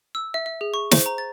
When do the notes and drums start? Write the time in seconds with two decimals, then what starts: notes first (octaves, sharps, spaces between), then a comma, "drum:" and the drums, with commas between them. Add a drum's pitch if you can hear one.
0.15 E6
0.34 E5
0.46 E5
0.61 G#4
0.74 C#6
0.91 C5, drum: snare
1.06 A#5
1.18 A6